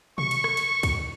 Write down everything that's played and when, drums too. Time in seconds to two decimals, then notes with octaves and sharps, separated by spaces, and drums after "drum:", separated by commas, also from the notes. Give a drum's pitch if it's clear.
0.18 C#6, drum: tom B2
0.31 drum: cymbal
0.44 drum: rim click
0.57 drum: cymbal
0.83 drum: kick, cymbal